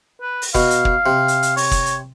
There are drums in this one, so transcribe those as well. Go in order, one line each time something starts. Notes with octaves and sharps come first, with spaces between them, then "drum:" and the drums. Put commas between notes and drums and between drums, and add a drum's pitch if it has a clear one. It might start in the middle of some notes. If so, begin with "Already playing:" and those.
B4
drum: open hi-hat
B2 F5, drum: kick, hi-hat
drum: hi-hat
drum: kick
C3
drum: hi-hat
drum: hi-hat
C#5, drum: open hi-hat
drum: kick, hi-hat
drum: hi-hat